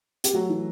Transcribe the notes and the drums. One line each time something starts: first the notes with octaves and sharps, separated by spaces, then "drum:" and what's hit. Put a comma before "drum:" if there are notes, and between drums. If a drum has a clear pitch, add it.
G4, drum: hi-hat
F#3 A3 F#4
E3